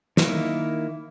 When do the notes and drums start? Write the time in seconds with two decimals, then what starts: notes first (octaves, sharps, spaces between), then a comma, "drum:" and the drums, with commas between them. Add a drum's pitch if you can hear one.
0.17 D#3 A#3 E4, drum: snare